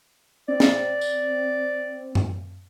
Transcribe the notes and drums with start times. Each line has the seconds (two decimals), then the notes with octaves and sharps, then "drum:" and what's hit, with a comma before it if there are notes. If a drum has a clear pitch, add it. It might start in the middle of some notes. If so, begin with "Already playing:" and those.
0.48 C4 D5
0.60 drum: snare
1.01 drum: tambourine
2.15 drum: tom F#2